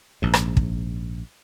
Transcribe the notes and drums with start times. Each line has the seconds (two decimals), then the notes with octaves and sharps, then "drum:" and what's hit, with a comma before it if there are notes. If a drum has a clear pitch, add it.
0.22 A#1 G#2
0.34 drum: rim click
0.57 drum: kick